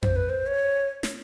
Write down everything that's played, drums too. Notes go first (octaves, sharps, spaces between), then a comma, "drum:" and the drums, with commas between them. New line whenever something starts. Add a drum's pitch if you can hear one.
C5, drum: tom F2
B4
C5
C#5
drum: snare